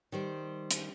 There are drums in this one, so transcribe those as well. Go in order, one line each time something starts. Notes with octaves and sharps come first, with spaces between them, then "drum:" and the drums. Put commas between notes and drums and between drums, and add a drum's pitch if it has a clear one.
D#3 G3 C5
drum: hi-hat